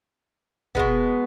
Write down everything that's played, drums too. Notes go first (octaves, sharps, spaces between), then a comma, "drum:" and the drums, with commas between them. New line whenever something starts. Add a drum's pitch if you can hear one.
B2 G#3 B3, drum: kick